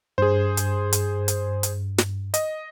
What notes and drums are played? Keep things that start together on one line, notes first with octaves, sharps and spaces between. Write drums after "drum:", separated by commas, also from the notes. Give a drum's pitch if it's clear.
G2 G#4 C5
drum: hi-hat
drum: hi-hat
drum: hi-hat
drum: hi-hat
drum: snare
D#5, drum: hi-hat